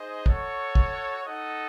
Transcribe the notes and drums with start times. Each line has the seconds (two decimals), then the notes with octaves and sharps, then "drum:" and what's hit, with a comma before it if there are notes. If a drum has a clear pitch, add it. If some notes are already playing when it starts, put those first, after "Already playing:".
Already playing: D#4 G#4 C5 D#5
0.26 F#4 A4 C#5, drum: kick
0.75 drum: kick
1.25 D#4 A4 D#5 F#5